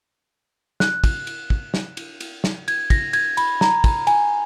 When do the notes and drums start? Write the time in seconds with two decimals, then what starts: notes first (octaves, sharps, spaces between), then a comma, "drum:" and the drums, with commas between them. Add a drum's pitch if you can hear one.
0.80 F#6, drum: snare
1.04 drum: kick, cymbal
1.27 drum: cymbal
1.50 drum: kick
1.74 drum: snare
1.97 drum: cymbal
2.20 drum: cymbal
2.44 drum: snare
2.68 G#6, drum: cymbal
2.90 A#6, drum: kick, cymbal
3.13 G#6, drum: cymbal
3.37 B5, drum: cymbal
3.61 A#5, drum: snare
3.84 drum: kick, cymbal
4.07 G#5, drum: cymbal